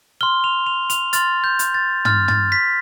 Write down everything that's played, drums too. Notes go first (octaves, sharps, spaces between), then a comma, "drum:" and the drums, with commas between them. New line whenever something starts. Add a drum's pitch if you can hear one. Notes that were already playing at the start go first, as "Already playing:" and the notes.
C6 F6 G7
F7
F7
F7, drum: hi-hat
C6 F6 A6, drum: hi-hat
G6
drum: hi-hat
A6
C6 F6 A6, drum: tom
A6, drum: tom
B6